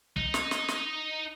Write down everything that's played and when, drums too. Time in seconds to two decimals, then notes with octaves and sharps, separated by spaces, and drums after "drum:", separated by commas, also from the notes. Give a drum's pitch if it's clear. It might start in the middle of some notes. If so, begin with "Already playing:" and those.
0.16 D#4, drum: kick
0.34 drum: snare
0.51 drum: snare
0.68 drum: snare